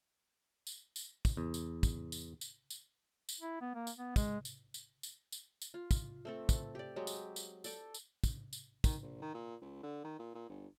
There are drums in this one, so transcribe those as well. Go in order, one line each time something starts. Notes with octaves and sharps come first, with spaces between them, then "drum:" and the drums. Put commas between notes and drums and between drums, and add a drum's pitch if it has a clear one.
drum: tambourine
drum: tambourine
drum: kick, tambourine
E2
drum: tambourine
drum: kick, tambourine
drum: tambourine
drum: tambourine
drum: tambourine
drum: tambourine
E4
B3
A#3
drum: tambourine
B3
G#3, drum: kick, tambourine
drum: tambourine
drum: tambourine
drum: tambourine
drum: tambourine
drum: tambourine
F4
drum: kick, tambourine
A3 C4 A4
drum: kick, tambourine
G4 D5
F#3 G#3 G4
drum: tambourine
drum: tambourine
A4 D5 G5, drum: tambourine
drum: tambourine
drum: kick, tambourine
drum: tambourine
D#3, drum: kick, tambourine
A#1
D#3
A#2
C#2
D3
D#3
A#2
A#2
G1